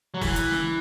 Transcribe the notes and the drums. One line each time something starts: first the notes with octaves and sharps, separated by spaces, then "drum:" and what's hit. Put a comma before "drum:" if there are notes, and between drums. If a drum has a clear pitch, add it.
F#3
E3, drum: kick F1, open hi-hat
drum: hi-hat
drum: snare